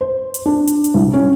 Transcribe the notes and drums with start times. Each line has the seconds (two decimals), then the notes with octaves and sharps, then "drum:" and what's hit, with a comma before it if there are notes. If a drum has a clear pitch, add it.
0.01 C5
0.34 drum: hi-hat
0.46 D4
0.67 drum: hi-hat
0.84 drum: hi-hat
0.94 C2
1.13 C#4